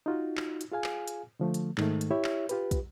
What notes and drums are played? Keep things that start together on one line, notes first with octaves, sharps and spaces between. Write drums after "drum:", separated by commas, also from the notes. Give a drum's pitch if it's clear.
D#4 F4 F#4
drum: clap
drum: hi-hat
F4 G#4 F5 G#5
drum: clap
drum: hi-hat
D3 F3 A3
drum: hi-hat
G#2 D#3 A3, drum: clap
drum: hi-hat
E4 G4 C#5 E5
drum: clap
F4 G4 B4, drum: hi-hat
drum: kick, hi-hat